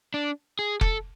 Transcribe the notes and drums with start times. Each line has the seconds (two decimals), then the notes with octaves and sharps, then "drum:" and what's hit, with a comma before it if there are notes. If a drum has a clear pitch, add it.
0.14 D4
0.59 G#4
0.81 A4, drum: kick F1